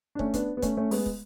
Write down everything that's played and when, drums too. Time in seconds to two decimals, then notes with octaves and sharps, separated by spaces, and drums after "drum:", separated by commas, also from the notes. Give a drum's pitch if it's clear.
0.15 D4
0.19 A3 C#4, drum: kick
0.34 B3 D4, drum: kick, hi-hat
0.57 B3
0.62 A3 C#4, drum: kick, hi-hat
0.77 A3 C#4
0.91 G#3 B3, drum: open hi-hat
1.06 drum: kick